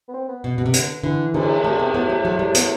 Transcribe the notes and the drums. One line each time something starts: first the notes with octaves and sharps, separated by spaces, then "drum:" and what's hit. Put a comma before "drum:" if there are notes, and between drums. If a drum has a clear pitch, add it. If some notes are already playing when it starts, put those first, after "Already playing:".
B3
C4
B3
B2
B2
C3
D3, drum: hi-hat
D3 E3
D3, drum: cymbal
C3 A3
D3
C3 B3
A2 B3
G3
F#3
G3
B3, drum: hi-hat